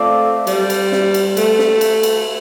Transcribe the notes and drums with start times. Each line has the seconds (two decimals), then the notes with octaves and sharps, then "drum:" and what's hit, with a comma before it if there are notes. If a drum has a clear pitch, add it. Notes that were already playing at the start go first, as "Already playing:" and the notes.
Already playing: A3 C4 F4 A4 D5
0.47 G3, drum: cymbal
0.70 drum: cymbal
0.92 drum: snare
1.14 drum: cymbal
1.37 A3, drum: cymbal
1.59 drum: snare
1.81 drum: cymbal
2.03 drum: cymbal